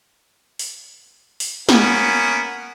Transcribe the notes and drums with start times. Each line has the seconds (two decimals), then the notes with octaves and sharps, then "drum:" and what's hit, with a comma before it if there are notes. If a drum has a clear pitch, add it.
0.59 drum: open hi-hat
1.40 drum: open hi-hat
1.69 A#3 B3 C#4, drum: snare